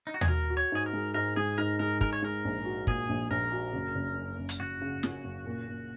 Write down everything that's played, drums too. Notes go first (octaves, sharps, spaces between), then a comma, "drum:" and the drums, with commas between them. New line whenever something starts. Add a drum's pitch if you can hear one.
D#4
F#4
G#4, drum: tom D#2
F#4 A#4
F#4
C#5
G#2 G#4
A#4
G#3
G#2 A#4
G#3 G#4
G#2 A#4
G#3 A#4
G#3 A#4, drum: kick
C#5
G#3 A#4
A#1
F#4
A#2 G#4, drum: kick
A#1
A#1 A#4
F#4
F#1
F#1
F#2
F#1
drum: hi-hat
F#1 F#4
C#3
F#2, drum: snare
F#1
A#2
A#2